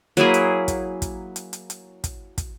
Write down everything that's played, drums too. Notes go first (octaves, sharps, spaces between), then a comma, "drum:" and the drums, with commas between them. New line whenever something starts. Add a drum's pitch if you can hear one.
F#3 A#3 E4 G#4, drum: hi-hat
drum: hi-hat
drum: kick, hi-hat
drum: kick, hi-hat
drum: hi-hat
drum: hi-hat
drum: hi-hat
drum: kick, hi-hat
drum: kick, hi-hat